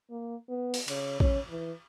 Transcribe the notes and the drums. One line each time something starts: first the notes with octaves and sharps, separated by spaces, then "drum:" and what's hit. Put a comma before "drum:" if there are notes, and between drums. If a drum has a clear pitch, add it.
A#3
B3
drum: open hi-hat
C#3, drum: cymbal
C#4, drum: kick
E3